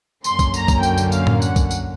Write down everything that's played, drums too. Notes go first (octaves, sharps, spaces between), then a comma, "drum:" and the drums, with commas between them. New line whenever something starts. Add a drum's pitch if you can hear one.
F#2 D3 F#3 A#3 C#4 C6, drum: tambourine
drum: kick B1, tambourine
A#5, drum: tambourine
drum: kick B1, tambourine
G5, drum: tambourine
drum: tambourine
F5, drum: tambourine
drum: tom A2
F#5, drum: tambourine
drum: kick B1, tambourine
drum: tambourine